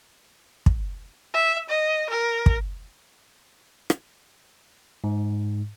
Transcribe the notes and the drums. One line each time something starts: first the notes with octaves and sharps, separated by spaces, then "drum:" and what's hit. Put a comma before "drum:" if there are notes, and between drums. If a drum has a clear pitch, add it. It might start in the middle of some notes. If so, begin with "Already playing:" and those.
drum: kick
E5
D#5
A#4
drum: kick
drum: rim click
G#2